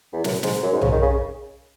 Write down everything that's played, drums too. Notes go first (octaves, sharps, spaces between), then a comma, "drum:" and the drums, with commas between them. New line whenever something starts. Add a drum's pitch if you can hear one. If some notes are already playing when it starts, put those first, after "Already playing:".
E2
F#2, drum: snare
G#2, drum: snare
F#2
G#2
C#3, drum: tom B1
D#3
C#3